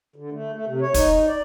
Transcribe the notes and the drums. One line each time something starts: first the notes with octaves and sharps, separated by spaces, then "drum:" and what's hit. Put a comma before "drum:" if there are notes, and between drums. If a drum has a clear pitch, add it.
D3
A3
A3
C3
C#5
D#4, drum: kick, hi-hat
D5